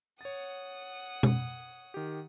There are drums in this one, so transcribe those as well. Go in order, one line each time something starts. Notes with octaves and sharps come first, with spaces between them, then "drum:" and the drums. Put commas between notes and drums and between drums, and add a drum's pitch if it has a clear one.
C#5 F#5 D#6 A6
drum: tom B2
D#3 G4